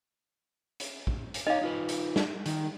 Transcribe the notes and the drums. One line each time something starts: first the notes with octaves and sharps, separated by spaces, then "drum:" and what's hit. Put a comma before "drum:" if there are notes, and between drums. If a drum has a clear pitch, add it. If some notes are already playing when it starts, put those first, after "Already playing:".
drum: hi-hat
drum: kick
drum: hi-hat
D#4 C#5 D#5 F5
D#4 F4 B4
drum: hi-hat
drum: snare
D#3, drum: hi-hat